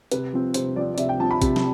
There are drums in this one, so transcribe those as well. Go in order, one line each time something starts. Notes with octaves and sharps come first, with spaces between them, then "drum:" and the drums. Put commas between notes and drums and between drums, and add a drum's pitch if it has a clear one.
C3 B4, drum: hi-hat
F3 C4
C3 C5, drum: hi-hat
F3 C4 D5
D5
C3 E5, drum: hi-hat
G5
F3 C4 A5
B5
C3, drum: kick A1, hi-hat
drum: snare